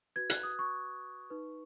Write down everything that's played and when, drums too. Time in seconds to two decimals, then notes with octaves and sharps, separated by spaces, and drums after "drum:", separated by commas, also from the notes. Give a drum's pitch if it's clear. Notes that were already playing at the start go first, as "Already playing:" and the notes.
0.16 F#4 B4 G#6
0.30 F#6, drum: hi-hat
0.43 D#6
0.59 C#6
1.30 D#4 B4